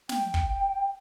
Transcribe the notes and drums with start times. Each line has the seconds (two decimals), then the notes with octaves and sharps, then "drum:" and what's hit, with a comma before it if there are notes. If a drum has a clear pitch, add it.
0.09 G5, drum: snare
0.34 drum: kick